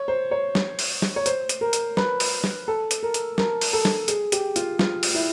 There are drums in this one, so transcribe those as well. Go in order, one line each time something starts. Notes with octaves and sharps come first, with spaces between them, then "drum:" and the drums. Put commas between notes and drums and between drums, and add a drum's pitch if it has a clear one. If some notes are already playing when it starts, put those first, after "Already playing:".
Already playing: C#5
C5
C#5
drum: snare
drum: open hi-hat
drum: snare
C#5
C5, drum: hi-hat
drum: hi-hat
A#4
drum: hi-hat
B4, drum: snare
drum: open hi-hat
drum: snare
A4
drum: hi-hat
A#4
drum: hi-hat
A#4, drum: snare
drum: open hi-hat
A4
drum: snare
G#4, drum: hi-hat
G4, drum: hi-hat
F4, drum: hi-hat
F4, drum: snare
drum: open hi-hat
E4